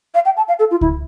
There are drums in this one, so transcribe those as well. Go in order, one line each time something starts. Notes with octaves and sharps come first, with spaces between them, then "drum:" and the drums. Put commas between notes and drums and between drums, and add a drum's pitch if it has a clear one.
F5
G5
A5
F5
A4
F4
E4, drum: kick C#2